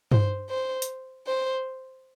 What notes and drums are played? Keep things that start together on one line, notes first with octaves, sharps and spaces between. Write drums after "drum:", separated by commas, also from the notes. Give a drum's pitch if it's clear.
C5, drum: tom G2
C5
drum: hi-hat
C5